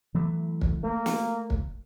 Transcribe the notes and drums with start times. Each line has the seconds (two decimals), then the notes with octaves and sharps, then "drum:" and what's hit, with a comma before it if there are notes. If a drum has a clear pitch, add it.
0.14 E3 F#3 A3
0.61 drum: kick
0.84 A3 A#3
1.06 drum: snare
1.50 drum: kick